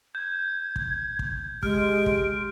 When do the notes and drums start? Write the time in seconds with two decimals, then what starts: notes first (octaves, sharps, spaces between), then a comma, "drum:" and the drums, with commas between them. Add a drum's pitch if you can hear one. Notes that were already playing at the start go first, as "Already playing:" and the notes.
0.15 G6 G#6
0.76 drum: kick
1.19 drum: kick
1.63 G#3 G4 F6 D7, drum: kick
2.06 drum: kick